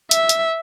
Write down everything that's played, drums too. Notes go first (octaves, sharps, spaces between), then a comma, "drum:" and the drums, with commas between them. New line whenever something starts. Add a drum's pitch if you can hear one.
E5, drum: hi-hat
drum: hi-hat